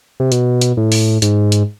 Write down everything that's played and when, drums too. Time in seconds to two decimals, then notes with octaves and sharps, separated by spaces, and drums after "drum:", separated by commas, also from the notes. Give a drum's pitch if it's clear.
0.20 C3
0.32 B2, drum: hi-hat
0.61 drum: hi-hat
0.77 A2
0.92 drum: open hi-hat
1.22 G#2, drum: hi-hat
1.52 drum: hi-hat